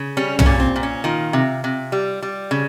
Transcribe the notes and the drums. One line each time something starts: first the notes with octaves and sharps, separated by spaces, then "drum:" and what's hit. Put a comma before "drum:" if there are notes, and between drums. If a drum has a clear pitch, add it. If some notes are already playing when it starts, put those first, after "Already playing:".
Already playing: C#3
G3 C#4
C#4, drum: tom
A#2
C4
A#2
C#4
D#3 F4
C3
C3
G3
G3
C#3